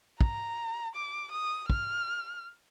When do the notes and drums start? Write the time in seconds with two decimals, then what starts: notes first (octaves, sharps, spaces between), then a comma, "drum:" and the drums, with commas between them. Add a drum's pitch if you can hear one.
0.21 A#5, drum: kick
0.95 D6
1.31 D#6
1.70 F6, drum: kick